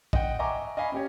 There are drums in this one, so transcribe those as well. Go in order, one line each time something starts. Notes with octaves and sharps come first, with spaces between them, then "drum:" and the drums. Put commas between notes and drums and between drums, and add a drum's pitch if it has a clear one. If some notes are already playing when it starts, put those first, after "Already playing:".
D#5 F#5 G5, drum: kick
D#5 E5 G#5 A#5 C#6 D6
D#5 F5 G#5 B5 C#6
C#4 G4 C#5